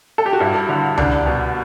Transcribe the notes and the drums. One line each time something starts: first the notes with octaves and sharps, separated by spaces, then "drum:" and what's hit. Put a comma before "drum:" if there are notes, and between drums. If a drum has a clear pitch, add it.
A4
G4
F#4
G2 E4
D3
C2 D4, drum: tom C#2
B2